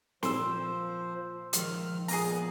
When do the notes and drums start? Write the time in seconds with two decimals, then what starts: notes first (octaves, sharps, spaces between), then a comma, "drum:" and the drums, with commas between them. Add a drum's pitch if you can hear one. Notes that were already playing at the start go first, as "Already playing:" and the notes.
0.23 A#2 F3 C5 C6 E6, drum: snare
1.53 D#3 F3 G#3 F6, drum: hi-hat
2.08 A#2 A#3 B3 G#4 A#5, drum: open hi-hat